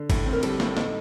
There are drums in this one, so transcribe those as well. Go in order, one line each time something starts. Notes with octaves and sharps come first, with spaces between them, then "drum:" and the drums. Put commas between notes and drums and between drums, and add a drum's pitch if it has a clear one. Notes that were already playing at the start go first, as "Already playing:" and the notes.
Already playing: D3
A2, drum: kick G1, cymbal
C4
A#4
G3 A4, drum: cymbal
A2, drum: snare
D#4, drum: snare